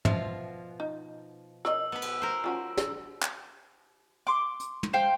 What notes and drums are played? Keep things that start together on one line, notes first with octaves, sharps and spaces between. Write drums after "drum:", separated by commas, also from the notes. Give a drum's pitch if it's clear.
B2 F3 C5 E5 F5, drum: tom
D#4
A#4 C#5 D#5 E6, drum: rim click
B3 B4
drum: cymbal
A#4 C5
F3 C#4 F#4
drum: snare
drum: clap
C6 D6
drum: hi-hat
drum: tom
C5 F5 G5